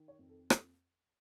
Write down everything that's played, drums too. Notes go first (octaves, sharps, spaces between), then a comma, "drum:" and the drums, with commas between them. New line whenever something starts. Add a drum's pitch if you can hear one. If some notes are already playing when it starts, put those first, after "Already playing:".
Already playing: D#3
C#5
F2
A4
A4, drum: rim click